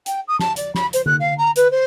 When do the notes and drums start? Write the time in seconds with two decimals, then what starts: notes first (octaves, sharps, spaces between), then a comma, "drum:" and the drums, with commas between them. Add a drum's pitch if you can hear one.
0.06 G5, drum: hi-hat
0.27 D#6
0.39 A5, drum: snare
0.56 D5, drum: hi-hat
0.75 B5, drum: snare
0.93 C5, drum: hi-hat
1.06 F#6, drum: tom D3
1.19 F5
1.37 A#5
1.56 B4, drum: hi-hat
1.71 C5